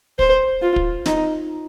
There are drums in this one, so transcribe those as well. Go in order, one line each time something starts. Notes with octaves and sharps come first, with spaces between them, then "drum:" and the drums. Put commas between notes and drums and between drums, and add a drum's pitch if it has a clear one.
C5, drum: kick
F4
drum: kick
D#4, drum: snare